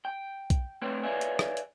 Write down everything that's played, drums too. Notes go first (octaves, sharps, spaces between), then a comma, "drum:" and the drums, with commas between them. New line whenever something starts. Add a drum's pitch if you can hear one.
G5
drum: kick B1, hi-hat
A3 C4 B4 C#5 G5
B4 C#5 D5 E5 F5 G#5
drum: hi-hat
drum: rim click
drum: hi-hat